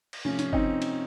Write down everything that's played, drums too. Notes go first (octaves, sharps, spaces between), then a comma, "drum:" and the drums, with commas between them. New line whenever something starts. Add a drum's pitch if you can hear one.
drum: cymbal
C3 F3 A3 C#4
C#4, drum: hi-hat
C4 D#4, drum: kick G1
drum: cymbal